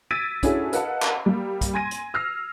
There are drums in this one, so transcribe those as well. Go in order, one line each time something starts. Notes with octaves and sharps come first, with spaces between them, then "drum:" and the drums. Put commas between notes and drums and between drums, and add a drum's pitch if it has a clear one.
E6 G#6 A6 B6 D7 D#7
C#4 D4 E4 F#4 G#4 A4, drum: kick, hi-hat
A#4 B4 D#5 F5 F#5 A5, drum: hi-hat
drum: clap
G3 A#3
drum: kick, hi-hat
G#5 C6 G#6 A#6 D#7
drum: hi-hat
E6 F6 A#6 C7